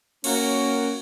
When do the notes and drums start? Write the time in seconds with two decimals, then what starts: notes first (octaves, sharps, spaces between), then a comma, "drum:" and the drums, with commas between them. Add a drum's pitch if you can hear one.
0.24 A#3 C#4 F#4 A#4 C#5, drum: cymbal